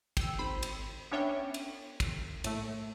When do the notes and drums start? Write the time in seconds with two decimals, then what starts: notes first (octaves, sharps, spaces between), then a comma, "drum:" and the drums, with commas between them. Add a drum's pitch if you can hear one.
0.17 G5 E6, drum: kick, cymbal
0.38 G#1 C5 B5
0.63 drum: cymbal
1.11 B3 C#4 D4 C#5 E5 G5
1.54 drum: cymbal
2.00 drum: kick, cymbal
2.44 A2 A3, drum: cymbal